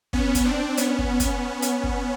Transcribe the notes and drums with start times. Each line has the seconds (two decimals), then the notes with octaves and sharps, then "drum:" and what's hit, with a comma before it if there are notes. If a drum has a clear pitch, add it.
0.13 B3 C#4, drum: kick
0.35 drum: kick, hi-hat
0.45 C4 D4
0.77 B3 C#4, drum: hi-hat
0.98 drum: kick
1.20 drum: kick, hi-hat
1.62 drum: hi-hat
1.83 drum: kick